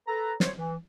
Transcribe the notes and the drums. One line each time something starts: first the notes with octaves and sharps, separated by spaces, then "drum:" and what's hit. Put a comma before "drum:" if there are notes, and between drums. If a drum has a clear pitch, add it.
A4 B4 A#5
C5 C#5, drum: snare
E3